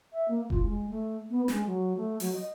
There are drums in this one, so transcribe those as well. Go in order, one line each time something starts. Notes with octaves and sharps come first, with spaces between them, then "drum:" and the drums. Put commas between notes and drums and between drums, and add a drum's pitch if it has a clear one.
E5
A#3
F4, drum: kick F1
G#3
A3
B3
G#3, drum: snare
F#3
A3
F#3, drum: open hi-hat
D#5